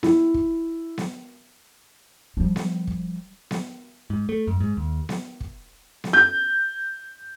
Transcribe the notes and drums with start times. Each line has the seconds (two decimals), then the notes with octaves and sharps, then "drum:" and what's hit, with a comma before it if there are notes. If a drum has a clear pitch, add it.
0.03 E4, drum: snare B3
0.34 drum: kick
0.98 drum: snare B3
2.37 F3 G3
2.56 drum: snare B3
2.87 drum: kick
3.51 drum: snare B3
4.10 G#2
4.29 A3
4.47 F#2
4.61 G#2
4.77 D#2
5.09 drum: snare B3
5.40 drum: kick
6.04 drum: snare B3
6.13 G6